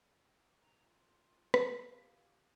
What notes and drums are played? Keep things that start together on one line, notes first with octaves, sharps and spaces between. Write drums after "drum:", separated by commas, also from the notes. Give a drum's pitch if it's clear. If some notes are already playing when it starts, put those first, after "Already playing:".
A#5
F4
F#4, drum: rim click
F4 G4